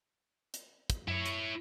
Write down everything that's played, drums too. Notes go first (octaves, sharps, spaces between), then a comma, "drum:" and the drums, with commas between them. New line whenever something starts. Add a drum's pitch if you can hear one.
drum: hi-hat
drum: kick, hi-hat
F#2 E4 C#5
drum: hi-hat